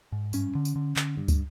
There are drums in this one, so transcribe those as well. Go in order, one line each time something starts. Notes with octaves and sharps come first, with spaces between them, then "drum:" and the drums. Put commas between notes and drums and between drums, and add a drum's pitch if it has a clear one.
G#2
G2 C#4, drum: tambourine
D3
drum: tambourine
D3
D3, drum: clap
G2
drum: kick, tambourine